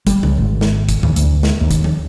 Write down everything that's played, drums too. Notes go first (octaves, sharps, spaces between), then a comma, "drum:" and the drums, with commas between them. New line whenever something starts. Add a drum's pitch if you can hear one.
G3, drum: kick, hi-hat
C#2, drum: tom F3
G#1
drum: snare
drum: kick, hi-hat
D#2, drum: tom G#2
D2, drum: hi-hat
drum: snare
D#2
drum: kick, hi-hat
drum: tom F3